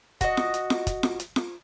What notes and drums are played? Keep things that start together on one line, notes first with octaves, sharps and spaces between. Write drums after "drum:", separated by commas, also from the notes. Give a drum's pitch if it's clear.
F#4 D#5, drum: kick, hi-hat
drum: snare F4
drum: hi-hat
drum: snare F4
drum: kick, hi-hat
drum: snare F4
drum: hi-hat
drum: snare F4